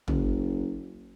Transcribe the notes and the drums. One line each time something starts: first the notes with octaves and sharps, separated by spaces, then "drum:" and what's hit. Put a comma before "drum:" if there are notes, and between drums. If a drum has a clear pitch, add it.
F#1, drum: tom